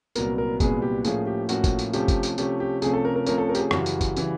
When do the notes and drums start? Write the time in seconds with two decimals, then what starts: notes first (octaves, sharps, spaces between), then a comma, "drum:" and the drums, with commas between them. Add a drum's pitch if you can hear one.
0.15 C2 A#2 F#3 B3 A#4, drum: tambourine
0.38 A#4
0.60 C2 A#2 F#3 B3 G#4, drum: kick, tambourine
0.82 G4
1.05 A2 F3 A#3 C#4 G#4, drum: tambourine
1.27 G4
1.49 A2 F3 A#3 C#4 F#4, drum: tambourine
1.64 drum: kick, tambourine
1.79 drum: tambourine
1.93 C3 F3 A3 C#4 G4, drum: tambourine
2.08 drum: kick, tambourine
2.23 drum: tambourine
2.38 C3 F3 A3 C#4 G4, drum: tambourine
2.60 G4
2.82 C3 F3 A3 C#4 G#4, drum: tambourine
2.94 A4
3.05 A#4
3.16 A#4
3.26 C3 F3 A3 C#4 A#4, drum: tambourine
3.38 A4
3.49 A#4
3.55 G4, drum: tambourine
3.60 G#4
3.71 F#2 C#3 E3 G3 F#4, drum: rim click
3.86 drum: tambourine
4.01 drum: kick, tambourine
4.16 C#3 E3 G3, drum: tambourine